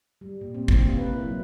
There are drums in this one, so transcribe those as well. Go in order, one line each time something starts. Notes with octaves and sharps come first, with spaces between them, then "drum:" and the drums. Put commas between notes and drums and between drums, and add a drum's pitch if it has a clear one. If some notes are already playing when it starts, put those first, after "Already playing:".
G3
A#2
C4
C3, drum: kick
A#3
B4
E4
F#3